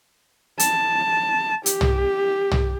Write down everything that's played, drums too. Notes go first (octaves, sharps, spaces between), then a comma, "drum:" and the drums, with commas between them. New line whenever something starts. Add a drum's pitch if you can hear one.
A5, drum: hi-hat
G4, drum: hi-hat
drum: tom
drum: tom